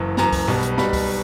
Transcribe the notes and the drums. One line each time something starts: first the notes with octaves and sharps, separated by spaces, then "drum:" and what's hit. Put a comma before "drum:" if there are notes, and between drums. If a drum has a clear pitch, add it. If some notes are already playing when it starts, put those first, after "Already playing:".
Already playing: F#1 F#2 E3
F#1 F#2 E3 A#5, drum: snare
drum: kick C#2, open hi-hat
B1 B2 G3, drum: tom G2
drum: hi-hat
B1 B2 G3 B5, drum: snare
drum: kick C#2, open hi-hat